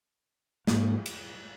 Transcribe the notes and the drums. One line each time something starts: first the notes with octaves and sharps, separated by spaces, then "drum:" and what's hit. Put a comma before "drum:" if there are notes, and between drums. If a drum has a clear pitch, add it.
G#2 F3 A#3, drum: snare
drum: cymbal